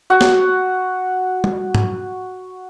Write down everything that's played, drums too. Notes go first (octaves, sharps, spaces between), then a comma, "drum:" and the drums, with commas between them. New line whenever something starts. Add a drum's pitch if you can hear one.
F#4 F#5
drum: snare
drum: tom G3
drum: tom G#2